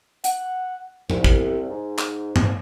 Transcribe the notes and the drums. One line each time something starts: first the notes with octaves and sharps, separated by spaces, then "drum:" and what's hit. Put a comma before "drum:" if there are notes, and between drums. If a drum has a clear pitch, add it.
F#5, drum: hi-hat
C2, drum: tom G#2
drum: kick
G#2
drum: clap
drum: tom G2